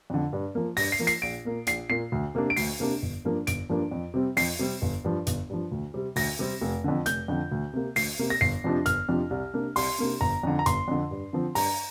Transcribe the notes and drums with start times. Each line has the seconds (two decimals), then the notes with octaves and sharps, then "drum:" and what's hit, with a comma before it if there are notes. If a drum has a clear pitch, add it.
0.10 F2 D3
0.33 G2
0.55 F3 A#3
0.77 G2 A#6, drum: open hi-hat
0.92 C7
1.00 F3 A#3
1.07 C7, drum: hi-hat
1.22 A#1 D7
1.45 A#2 A#3
1.67 A#1 C7, drum: hi-hat
1.89 A#2 A#3 C7
2.12 D2
2.35 C3 A#3 D4
2.50 D7
2.56 D2 C7, drum: open hi-hat
2.80 C3 A#3 D4
3.02 G1
3.25 G2 F3 A#3 D4
3.47 G1 D7, drum: hi-hat
3.69 G2 F3 A#3 D4
3.91 F2
4.14 C3 G3 C4
4.37 F2 C7, drum: open hi-hat
4.59 C3 G3 C4
4.82 G1
5.04 G2 F3
5.27 G1, drum: hi-hat
5.50 G2 F3
5.71 D2
5.94 C3 G3 C4
6.16 D2 A#6, drum: open hi-hat
6.39 C3 G3 C4
6.61 F1
6.84 F2 D3
7.06 F1 G6, drum: hi-hat
7.28 F2 D3
7.52 D2
7.74 C3 A#3
7.96 D2 C7, drum: open hi-hat
8.19 C3 A#3
8.30 A#6
8.41 G1 C7
8.64 F2 C3 F3 D4
8.86 G1 F6, drum: hi-hat
9.08 F2 C3 F3 D4
9.30 C2
9.54 C3 A#3 D4
9.76 C2 C6, drum: open hi-hat
9.99 C3 A#3 D4
10.21 G1 A#5
10.43 F2 D3
10.59 A#5
10.66 G1 C6, drum: hi-hat
10.88 F2 D3
11.11 G2
11.33 D3 F3 C4
11.55 G2 A#5, drum: open hi-hat